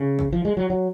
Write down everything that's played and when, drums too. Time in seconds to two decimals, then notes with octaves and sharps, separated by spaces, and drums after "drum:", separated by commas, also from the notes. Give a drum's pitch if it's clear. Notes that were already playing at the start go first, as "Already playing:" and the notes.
Already playing: C#3
0.19 drum: kick G#1
0.32 F3
0.45 G#3
0.57 F#3
0.70 F#3